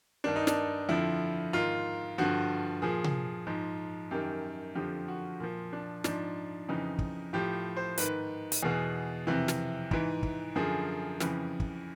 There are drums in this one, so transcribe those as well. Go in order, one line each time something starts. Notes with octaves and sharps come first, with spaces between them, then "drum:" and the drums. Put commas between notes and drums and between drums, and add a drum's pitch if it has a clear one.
G2 D#3 D4
D#4
D4, drum: snare
F2 D3 F3 E4
G#2 D#3 F4
G2 D3 F3 F#4
A#2 F3 G#4
drum: tom C3
G#2 F3
F#2 D#3 G4
F2 D3 F3 G4
F#4
A#2 F3
D4
G#2 F3 D4, drum: snare
F2 C#3 E3 D#4
drum: kick
A2 F3 G4
C5
G#2 D#3 B4, drum: hi-hat
drum: hi-hat
E2 B2 G#4
F2 C3 E3
drum: snare
G#2 E3, drum: kick
drum: kick
F#2 D3 F3 G#4
F2 C#3 E3, drum: snare
drum: kick